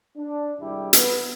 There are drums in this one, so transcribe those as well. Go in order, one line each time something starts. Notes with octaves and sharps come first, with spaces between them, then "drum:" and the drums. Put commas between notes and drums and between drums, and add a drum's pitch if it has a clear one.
D4
G#1 C3 G3 E4 G4
B3, drum: hi-hat